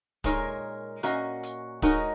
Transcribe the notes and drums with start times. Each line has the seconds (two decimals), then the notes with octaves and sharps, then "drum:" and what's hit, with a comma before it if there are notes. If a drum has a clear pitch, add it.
0.24 A#2 G#3 D#4 A#4 C#5, drum: kick, hi-hat
1.03 A#2 A#3 C#4 F#4 D#5, drum: hi-hat
1.43 drum: hi-hat
1.82 G#3 D#4 F#4 A#4 C#5, drum: kick, hi-hat